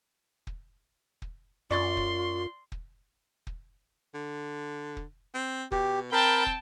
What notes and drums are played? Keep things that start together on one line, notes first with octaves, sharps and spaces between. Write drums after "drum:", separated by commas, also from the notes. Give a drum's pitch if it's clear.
drum: kick
drum: kick
F#2 F4 D5 C6 C#6 A6
drum: kick
drum: kick
drum: kick
D3
drum: kick
C4
B2 G4, drum: kick
C4 A#4 G5 A5 B5
drum: kick